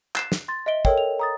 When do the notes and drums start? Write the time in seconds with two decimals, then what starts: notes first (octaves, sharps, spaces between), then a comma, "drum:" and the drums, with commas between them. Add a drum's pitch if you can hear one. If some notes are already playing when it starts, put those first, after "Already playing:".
0.16 F#6 C7 E7, drum: clap
0.32 drum: snare
0.48 C6 A6
0.66 D#5 E5 D7 G7
0.85 A4 A#4 C#5 G5, drum: kick
0.98 F7
1.19 A#5 D#6 A6